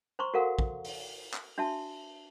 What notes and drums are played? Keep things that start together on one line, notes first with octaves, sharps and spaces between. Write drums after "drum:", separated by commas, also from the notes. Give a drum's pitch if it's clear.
C5 A#5 C6 C#6
F#4 A4 A#4 F5 F#5
drum: kick
drum: open hi-hat
drum: clap
D4 F#4 E5 A5